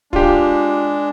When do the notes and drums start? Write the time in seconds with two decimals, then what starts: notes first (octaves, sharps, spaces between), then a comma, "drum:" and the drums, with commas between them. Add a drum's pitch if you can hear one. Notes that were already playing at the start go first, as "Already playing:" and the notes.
0.13 G#3 D4 F4 G4, drum: kick